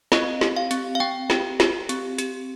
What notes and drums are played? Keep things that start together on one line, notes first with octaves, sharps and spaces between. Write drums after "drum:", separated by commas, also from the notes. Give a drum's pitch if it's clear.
C4 D#5, drum: snare
G4, drum: snare
F5
C4, drum: hi-hat
F5
C4 G5
G4, drum: snare
G4, drum: snare
C4, drum: hi-hat
G4, drum: hi-hat